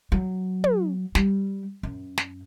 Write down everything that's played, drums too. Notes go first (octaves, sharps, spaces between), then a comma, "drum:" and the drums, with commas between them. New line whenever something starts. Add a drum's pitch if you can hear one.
F#3
drum: tom
G3, drum: snare
F#2
drum: snare